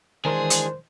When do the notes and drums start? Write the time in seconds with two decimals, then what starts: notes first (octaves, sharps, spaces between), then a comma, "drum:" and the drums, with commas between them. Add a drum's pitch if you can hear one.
0.25 D#3 E3 G#3 D4 G#4 A#4 C5 C6
0.50 drum: hi-hat